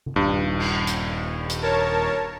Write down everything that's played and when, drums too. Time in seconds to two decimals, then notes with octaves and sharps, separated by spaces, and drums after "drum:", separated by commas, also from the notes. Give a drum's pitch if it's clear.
0.06 drum: tom C#3
0.16 D#1 G2
0.59 drum: cymbal
0.87 drum: hi-hat
1.50 drum: hi-hat
1.63 A#4 C#5 A5